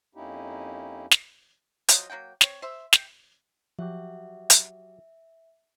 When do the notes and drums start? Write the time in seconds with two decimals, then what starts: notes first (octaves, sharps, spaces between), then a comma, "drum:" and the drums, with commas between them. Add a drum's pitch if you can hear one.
0.15 F2 A#3 C#4 D#4 E4 G4
1.11 drum: snare
1.88 F3 F#3 C5 D#5, drum: hi-hat
2.10 F#3 A#3 F#5 G5
2.41 C4 C#5, drum: snare
2.62 C5 E5
2.93 G5, drum: snare
3.79 F3 F#3 F#4 G4 E5
4.50 drum: hi-hat